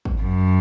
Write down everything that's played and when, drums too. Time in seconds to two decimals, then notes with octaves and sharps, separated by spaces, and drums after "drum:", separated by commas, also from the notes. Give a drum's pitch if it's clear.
0.05 drum: kick
0.20 F#2